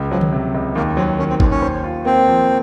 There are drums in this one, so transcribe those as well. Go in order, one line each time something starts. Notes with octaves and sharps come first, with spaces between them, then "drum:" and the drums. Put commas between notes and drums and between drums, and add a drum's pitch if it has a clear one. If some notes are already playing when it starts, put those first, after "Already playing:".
Already playing: C#2
F3 F#3
drum: tom D3
C3
C#2
D#2 A#3
F#3 C4
D#3 C#4
C4
D#2 C4, drum: kick
C#4
C5
F4
A#3 C4
F3